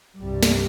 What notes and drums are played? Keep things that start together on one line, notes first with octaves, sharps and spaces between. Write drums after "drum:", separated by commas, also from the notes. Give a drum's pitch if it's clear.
C2 G2 C3 G3
drum: snare